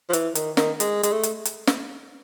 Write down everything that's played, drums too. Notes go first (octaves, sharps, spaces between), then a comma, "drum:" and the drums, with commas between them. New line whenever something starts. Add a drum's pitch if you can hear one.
F3
E3, drum: hi-hat
D#3, drum: hi-hat
D#3, drum: snare
G#3, drum: hi-hat
G#3, drum: hi-hat
A3
drum: hi-hat
drum: hi-hat
drum: snare